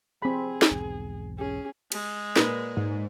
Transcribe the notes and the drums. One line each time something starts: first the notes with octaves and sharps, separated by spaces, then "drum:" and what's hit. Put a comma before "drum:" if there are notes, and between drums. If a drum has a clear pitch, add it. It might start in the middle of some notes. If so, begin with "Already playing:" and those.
C4 G#4 B5
drum: snare
B1 E2 G#2
C#4 G#4
G#3, drum: cymbal
A#2 A#4 B4, drum: snare
G#2